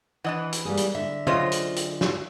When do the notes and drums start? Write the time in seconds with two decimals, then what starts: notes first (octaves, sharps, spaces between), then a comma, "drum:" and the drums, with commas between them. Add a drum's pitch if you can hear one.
0.24 E3 D4 D#5 F#5
0.52 drum: hi-hat
0.65 G3 A#3 G#4
0.77 drum: hi-hat
0.95 D3 E5
1.27 F#2 E4 F4 C5 C#5 D#5, drum: tom
1.52 drum: hi-hat
1.76 drum: hi-hat
2.01 drum: snare